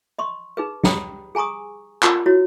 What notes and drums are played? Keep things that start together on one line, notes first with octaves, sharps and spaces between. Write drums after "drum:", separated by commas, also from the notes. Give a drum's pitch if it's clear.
D#5 C6 C#6
D#4 G#4 B4
G4 D#5 G5 A#5 B5 D#6, drum: snare
G#4 G#5 A#5 C#6 D#6
F4 A#4, drum: clap
E4 F#4 C#5